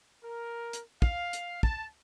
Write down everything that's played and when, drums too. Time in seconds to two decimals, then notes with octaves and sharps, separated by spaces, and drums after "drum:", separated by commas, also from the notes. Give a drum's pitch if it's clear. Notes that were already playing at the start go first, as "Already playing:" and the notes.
0.23 A#4
0.73 drum: hi-hat
1.02 F5, drum: kick
1.33 drum: hi-hat
1.63 A5, drum: kick